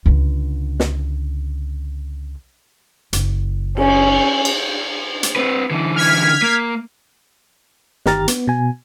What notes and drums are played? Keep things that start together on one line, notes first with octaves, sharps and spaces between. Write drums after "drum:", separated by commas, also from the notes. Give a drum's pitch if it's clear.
C#2 D3
drum: snare
F#1, drum: hi-hat
C#4, drum: cymbal
drum: cymbal
drum: hi-hat
C4 B4
D3 E3
F6 G#6 B6
A#3
G1 D#3 G4 A#5 F6 A6, drum: snare
B3, drum: hi-hat
B2 G#5